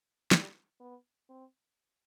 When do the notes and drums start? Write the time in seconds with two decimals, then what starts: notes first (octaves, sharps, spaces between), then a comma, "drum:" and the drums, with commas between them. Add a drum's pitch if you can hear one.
0.31 G3, drum: snare
0.80 B3
1.30 C4